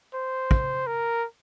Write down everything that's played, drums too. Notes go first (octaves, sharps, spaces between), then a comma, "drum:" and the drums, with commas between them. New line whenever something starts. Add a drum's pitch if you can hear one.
C5
drum: kick
A#4